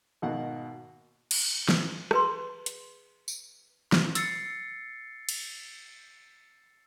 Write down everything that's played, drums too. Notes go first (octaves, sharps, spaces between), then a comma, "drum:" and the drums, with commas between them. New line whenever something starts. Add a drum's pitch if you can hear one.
G#1 B2 D#3 A#3 F#5
drum: cymbal
drum: snare
G#4 B4 C6, drum: rim click
drum: hi-hat
drum: tambourine
drum: snare
E6 A6 C7 C#7, drum: hi-hat
drum: cymbal